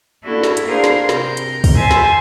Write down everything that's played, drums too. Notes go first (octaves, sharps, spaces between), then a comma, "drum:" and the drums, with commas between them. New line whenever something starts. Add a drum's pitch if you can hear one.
A#3 D4 E4 F#4 A4
drum: snare
drum: hi-hat
D4 G#4 A#4 C5 F5 C6
drum: snare
C3 A#4 G6, drum: snare
drum: hi-hat
drum: kick, open hi-hat
C5 E5 G#5 A5 C6
drum: snare